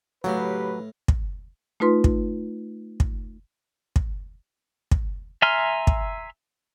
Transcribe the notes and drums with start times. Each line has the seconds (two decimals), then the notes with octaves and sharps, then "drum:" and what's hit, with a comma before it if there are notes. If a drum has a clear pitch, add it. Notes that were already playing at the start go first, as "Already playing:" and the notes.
0.24 A2 C#3 F#3 E4 G4 B4 F5
1.08 drum: kick
1.80 A3 D#4 F4 B4 C6
2.04 drum: kick
3.00 drum: kick
3.96 drum: kick
4.91 drum: kick
5.42 E5 G#5 A#5 C6 F6
5.87 drum: kick